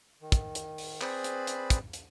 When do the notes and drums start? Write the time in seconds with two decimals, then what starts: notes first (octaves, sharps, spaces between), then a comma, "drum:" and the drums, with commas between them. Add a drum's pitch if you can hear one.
0.22 D#3
0.32 drum: kick, hi-hat
0.55 drum: hi-hat
0.78 drum: open hi-hat
1.01 C4 G#4 B4 C5 D5 B5, drum: clap
1.24 drum: hi-hat
1.47 drum: hi-hat
1.70 drum: kick, hi-hat
1.93 drum: hi-hat